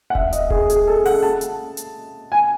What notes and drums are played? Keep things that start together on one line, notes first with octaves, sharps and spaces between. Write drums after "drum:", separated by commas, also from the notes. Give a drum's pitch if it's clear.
F#5
E5, drum: kick D#1
D#5, drum: hi-hat
G#4, drum: kick D#1
G#4, drum: hi-hat
A4
F#5, drum: open hi-hat
A5
drum: hi-hat
drum: hi-hat
G#5